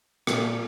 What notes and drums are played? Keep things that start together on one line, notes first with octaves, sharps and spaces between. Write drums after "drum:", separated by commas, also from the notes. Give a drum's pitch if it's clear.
A#2, drum: rim click